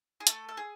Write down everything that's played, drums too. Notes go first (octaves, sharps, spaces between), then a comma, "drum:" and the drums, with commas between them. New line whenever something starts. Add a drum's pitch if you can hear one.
G#4
A3 A4, drum: hi-hat
A4
G#4